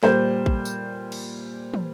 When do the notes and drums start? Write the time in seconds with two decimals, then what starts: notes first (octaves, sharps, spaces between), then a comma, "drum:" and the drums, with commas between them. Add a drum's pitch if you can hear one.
0.03 A#2 G3 C5, drum: snare
0.46 drum: kick
0.65 drum: tambourine
1.12 drum: cymbal
1.74 drum: tom